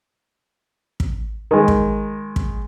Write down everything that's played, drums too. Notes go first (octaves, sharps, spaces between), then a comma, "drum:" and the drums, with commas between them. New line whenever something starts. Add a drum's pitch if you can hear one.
drum: kick
D#3 G#3
drum: kick
drum: kick